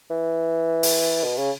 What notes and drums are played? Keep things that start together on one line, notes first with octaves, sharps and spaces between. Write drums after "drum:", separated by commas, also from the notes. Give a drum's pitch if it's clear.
E3
drum: open hi-hat
B2
C#3